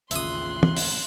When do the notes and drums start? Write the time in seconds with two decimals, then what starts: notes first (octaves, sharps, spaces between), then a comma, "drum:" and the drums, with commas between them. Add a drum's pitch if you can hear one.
0.11 A1 D#2 C#3 F4 E5 C6 D#6 F#6, drum: hi-hat
0.63 drum: tom
0.77 drum: open hi-hat